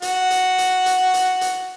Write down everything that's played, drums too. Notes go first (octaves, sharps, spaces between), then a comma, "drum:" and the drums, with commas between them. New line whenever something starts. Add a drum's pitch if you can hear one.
F#4, drum: hi-hat
drum: hi-hat
drum: hi-hat
drum: hi-hat
drum: hi-hat
drum: hi-hat